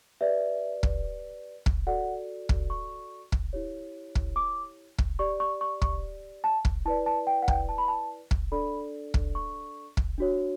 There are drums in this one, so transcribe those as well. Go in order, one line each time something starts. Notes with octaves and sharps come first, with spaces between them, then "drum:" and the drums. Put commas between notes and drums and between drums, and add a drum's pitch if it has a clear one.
G4 B4 D5 E5
drum: kick
drum: kick
F#4 A4 D5 F#5
drum: kick
C#6
drum: kick
E4 G4 C#5
drum: kick
D6
drum: kick
G4 D5 C#6
C#6
C#6
C#6, drum: kick
A5
drum: kick
E4 B4 D5 A5
A5
G5
F#5
G5, drum: kick
A5
B5
A5
drum: kick
D4 A4 D5 B5
drum: kick
C#6
drum: kick
D4 F#4 C#5